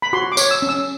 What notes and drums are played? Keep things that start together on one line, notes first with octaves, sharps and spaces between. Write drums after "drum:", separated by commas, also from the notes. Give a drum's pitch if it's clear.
B5
F#4 C6
D6
C#5, drum: tambourine
E6
C#4
E6